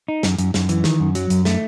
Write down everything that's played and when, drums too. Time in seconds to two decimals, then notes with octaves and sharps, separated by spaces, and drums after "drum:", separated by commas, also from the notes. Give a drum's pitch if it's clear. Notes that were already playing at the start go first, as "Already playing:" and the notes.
0.08 D#4
0.23 F#2, drum: snare
0.39 F#2, drum: hi-hat
0.54 F#2, drum: snare
0.69 E3, drum: hi-hat
0.84 D#3, drum: snare
1.00 F#2
1.15 F#3, drum: hi-hat
1.30 F#2, drum: hi-hat
1.45 A3, drum: snare